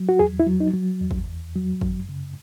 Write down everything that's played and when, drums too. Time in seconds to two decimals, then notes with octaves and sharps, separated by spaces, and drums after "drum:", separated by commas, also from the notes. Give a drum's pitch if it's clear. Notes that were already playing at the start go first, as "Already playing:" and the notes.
Already playing: F#3
0.09 F#4
0.19 E2 G#4
0.40 E4
0.46 F#3
0.60 D#4
0.74 F#3
1.01 E2
1.11 drum: kick
1.27 E2
1.55 F#3
1.81 F#2, drum: kick
2.09 C#3